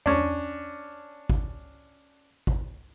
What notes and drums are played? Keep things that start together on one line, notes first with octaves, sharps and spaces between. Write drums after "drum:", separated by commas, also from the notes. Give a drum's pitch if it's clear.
C#4 D4, drum: tom E2
drum: kick G#1
drum: kick G#1